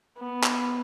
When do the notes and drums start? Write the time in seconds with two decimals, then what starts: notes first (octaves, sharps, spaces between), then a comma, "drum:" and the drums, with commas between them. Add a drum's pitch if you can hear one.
0.19 B3
0.43 drum: clap